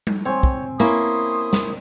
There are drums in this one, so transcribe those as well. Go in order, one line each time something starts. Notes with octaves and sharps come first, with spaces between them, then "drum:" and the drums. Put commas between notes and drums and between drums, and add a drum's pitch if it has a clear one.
drum: tom G3
C4 C#5 G#5
drum: kick
A#3 C#4 E4 C6 D#6
drum: snare